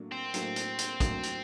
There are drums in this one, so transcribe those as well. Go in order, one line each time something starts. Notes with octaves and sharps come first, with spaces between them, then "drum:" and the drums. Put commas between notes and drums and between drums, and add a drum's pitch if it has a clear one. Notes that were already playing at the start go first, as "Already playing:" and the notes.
Already playing: A2 F#3 A#3 D4
C4
A2 F#3 A#3 D4, drum: hi-hat
drum: hi-hat
drum: hi-hat
A2 F#3 A#3 D4, drum: kick, hi-hat
drum: hi-hat